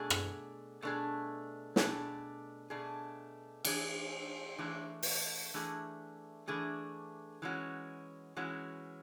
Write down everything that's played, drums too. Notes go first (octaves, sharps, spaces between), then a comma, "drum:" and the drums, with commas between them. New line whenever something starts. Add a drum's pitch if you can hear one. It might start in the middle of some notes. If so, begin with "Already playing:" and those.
Already playing: B2 A3 D4 G#4
drum: rim click
B2 A3 D4 G#4
B2 A3 D4 G#4, drum: snare
B2 A3 D4 G#4
E3 A3 D4 G#4, drum: cymbal
E3 A3 D4 G#4
drum: open hi-hat
E3 A3 D4 G#4
E3 A3 D4 G#4
E3 G#3 C#4 F#4
E3 G#3 C#4 F#4